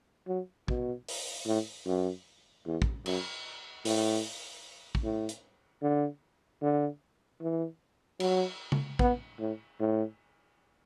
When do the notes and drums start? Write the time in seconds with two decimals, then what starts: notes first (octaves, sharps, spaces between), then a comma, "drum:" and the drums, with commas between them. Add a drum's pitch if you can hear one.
0.28 F#3
0.68 B2, drum: kick
1.08 drum: open hi-hat
1.46 A2
1.86 F#2
2.66 E2
2.82 drum: kick
3.06 F#2, drum: cymbal
3.85 A2, drum: open hi-hat
4.95 drum: kick
5.04 A2
5.29 drum: hi-hat
5.82 D3
6.63 D3
7.41 E3
8.20 F#3, drum: cymbal
8.72 drum: tom C#3
8.99 B3, drum: kick
9.39 A2
9.79 A2